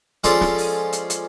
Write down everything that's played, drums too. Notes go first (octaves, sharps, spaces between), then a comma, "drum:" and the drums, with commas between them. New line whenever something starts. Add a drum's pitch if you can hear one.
F3 G#3 C#4 D4 A4 C6, drum: hi-hat
drum: snare
drum: open hi-hat
drum: hi-hat
drum: hi-hat